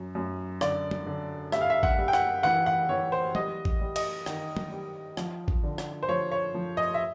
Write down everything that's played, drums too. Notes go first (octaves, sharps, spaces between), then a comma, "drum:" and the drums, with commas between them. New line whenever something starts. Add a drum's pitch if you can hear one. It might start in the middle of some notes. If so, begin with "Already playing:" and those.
Already playing: F#2
F#2
D3 D5, drum: rim click
drum: tom
D3
G2 E5, drum: rim click
F5
E5
F#5, drum: kick
G3
G5
F#5, drum: rim click
E3 F#5
F#5
E3 C#5
C5
G3 D#5, drum: tom
drum: kick
G3
D#5, drum: cymbal
D#3, drum: rim click
drum: tom
G3
F3, drum: rim click
drum: kick
D3
drum: rim click
C5
F3 C#5
C#5
F3
D#5
E5